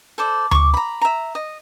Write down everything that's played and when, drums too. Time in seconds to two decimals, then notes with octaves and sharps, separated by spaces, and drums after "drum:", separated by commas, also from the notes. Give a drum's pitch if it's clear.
0.18 A4 C5 D5
0.51 C#6 D6, drum: tom D2
0.74 A#5 B5
1.01 E5 A#5
1.35 D#5